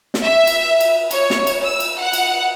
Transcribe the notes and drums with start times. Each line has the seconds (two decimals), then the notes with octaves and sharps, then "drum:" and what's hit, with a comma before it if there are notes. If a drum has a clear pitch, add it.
0.14 drum: snare
0.23 E5
0.47 drum: cymbal
0.80 drum: cymbal
1.11 C#5, drum: cymbal
1.30 drum: snare
1.47 drum: cymbal
1.63 E6
1.80 drum: cymbal
2.00 F#5
2.13 drum: cymbal